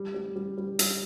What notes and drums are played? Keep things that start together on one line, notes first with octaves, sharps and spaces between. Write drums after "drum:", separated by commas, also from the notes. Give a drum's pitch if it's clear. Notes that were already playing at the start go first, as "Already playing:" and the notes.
Already playing: G3
G3
G3
G3
G3, drum: hi-hat